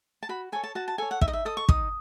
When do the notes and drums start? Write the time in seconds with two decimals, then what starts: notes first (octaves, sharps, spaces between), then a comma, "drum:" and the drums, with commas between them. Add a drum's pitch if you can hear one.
0.23 A5
0.29 F#4 B5
0.52 A4 C#5 G#5
0.64 A5
0.75 F#4 A5
0.88 A5
0.98 A4 C#5 G#5
1.11 F#5
1.21 D#4 E5, drum: kick
1.28 D#5
1.33 E5
1.45 A4 D#5 D#6
1.57 C#6
1.69 D#4 D#6, drum: kick